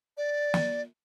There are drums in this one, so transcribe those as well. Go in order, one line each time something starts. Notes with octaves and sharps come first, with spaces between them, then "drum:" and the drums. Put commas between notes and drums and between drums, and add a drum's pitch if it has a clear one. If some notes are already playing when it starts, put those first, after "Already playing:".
D5
drum: snare